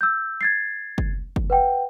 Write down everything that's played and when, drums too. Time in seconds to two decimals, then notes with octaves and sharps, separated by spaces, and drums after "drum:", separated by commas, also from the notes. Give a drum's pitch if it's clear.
0.01 E6 G6
0.41 G#6 A6 C7
0.98 drum: kick
1.36 drum: kick
1.50 B4 F#5 G5